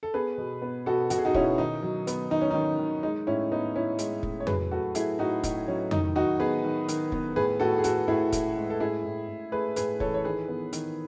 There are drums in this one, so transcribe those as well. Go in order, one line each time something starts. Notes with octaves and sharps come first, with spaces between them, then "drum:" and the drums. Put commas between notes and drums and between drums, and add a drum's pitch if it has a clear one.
A4
B3 G#4 B4
B2
B3
B2 F#4 A4
B2 F#4, drum: hi-hat
G#4
D#4 F#4
B2 C#4 E4, drum: kick
D#3 D#4
F#3
B3, drum: hi-hat
D#3 D#4
C#4
D#3 D#4
D#3
G#3 D#4
A2 C#4 E4
B3 D#4
B3 C#4 E4
G#3, drum: hi-hat
A2, drum: kick
C#5
F#3 G#4 B4, drum: tom F2
A3 F#4 A4
A3 E4 G#4, drum: hi-hat
A2 D#4 F#4
A2 D#4, drum: kick, hi-hat
F#3 C#4
D#3 D#4, drum: tom F2
D#3 D#4 F#4
B3 G#4 B4
D#3
D#3, drum: hi-hat
B3, drum: kick
A2 G#4 B4
A2 F#4 A4
G#4
A2 F#4 A4, drum: hi-hat
A2 E4 G#4
A2, drum: kick, hi-hat
G#3
A4
A2 E4 G#4
A2
A2
A3 G#4 B4
A2 G#4 B4, drum: hi-hat
E3 A4 C#5, drum: kick
C#5
D#3 G#4 B4
B3
D#3, drum: hi-hat